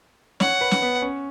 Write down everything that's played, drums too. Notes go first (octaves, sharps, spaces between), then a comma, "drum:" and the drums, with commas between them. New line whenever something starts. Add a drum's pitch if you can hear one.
C#5 F#5, drum: snare
B4
drum: snare
B3
C#4